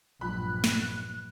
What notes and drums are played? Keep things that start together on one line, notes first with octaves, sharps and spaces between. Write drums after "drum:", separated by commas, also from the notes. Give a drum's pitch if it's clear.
A#1 G2 F#3 G#3 F4 B5 F#6
drum: snare